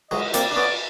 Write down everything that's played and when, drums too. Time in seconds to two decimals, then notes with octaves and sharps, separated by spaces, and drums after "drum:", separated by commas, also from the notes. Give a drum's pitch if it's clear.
0.11 F#3 G#3 D#5, drum: cymbal
0.34 A#3 C4 D5, drum: hi-hat
0.51 D4
0.56 B3 C#4 D5